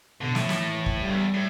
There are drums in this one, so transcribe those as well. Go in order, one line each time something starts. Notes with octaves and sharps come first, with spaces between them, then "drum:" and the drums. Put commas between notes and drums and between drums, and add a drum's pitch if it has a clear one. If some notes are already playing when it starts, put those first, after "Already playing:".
B2 D3
A2, drum: snare
E3, drum: snare
drum: kick
G2 G3
E2
A2